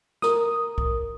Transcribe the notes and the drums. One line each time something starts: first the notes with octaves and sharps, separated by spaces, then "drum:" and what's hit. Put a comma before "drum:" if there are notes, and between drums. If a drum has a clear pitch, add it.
A#4 D#6, drum: snare
drum: kick